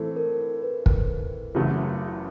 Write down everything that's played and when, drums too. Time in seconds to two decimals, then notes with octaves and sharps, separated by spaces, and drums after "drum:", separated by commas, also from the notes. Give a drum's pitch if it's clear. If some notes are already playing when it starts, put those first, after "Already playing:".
Already playing: A2 E3 A3 C4 A4
0.17 A#4
0.62 B4
0.86 drum: kick
1.55 F#1 E2 C#3 F#3 A3